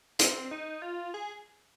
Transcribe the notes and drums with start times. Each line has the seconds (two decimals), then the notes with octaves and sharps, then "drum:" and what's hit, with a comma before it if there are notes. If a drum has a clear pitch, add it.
0.19 C4, drum: hi-hat
0.51 D#4
0.82 F4
1.14 G#4